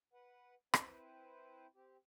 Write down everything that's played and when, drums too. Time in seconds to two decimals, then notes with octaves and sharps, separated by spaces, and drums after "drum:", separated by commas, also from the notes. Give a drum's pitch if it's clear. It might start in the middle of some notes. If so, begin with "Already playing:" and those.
0.13 B4 F#5
0.74 C4 E4 B4 C5, drum: rim click
1.75 C4 G4